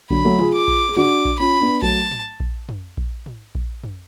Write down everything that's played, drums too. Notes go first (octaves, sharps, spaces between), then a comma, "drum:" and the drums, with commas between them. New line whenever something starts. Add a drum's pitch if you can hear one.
D3 F#3 B5, drum: kick A#1
F#3 A3
F4 G#4, drum: tom
D6
drum: kick A#1
G#4
D4 F#4 D6, drum: tom
drum: kick A#1
C#4 F4 B5
B3 D4
F#3 A3 A5, drum: kick A#1
drum: tom
drum: kick A#1
drum: tom
drum: kick A#1
drum: tom
drum: kick A#1
drum: tom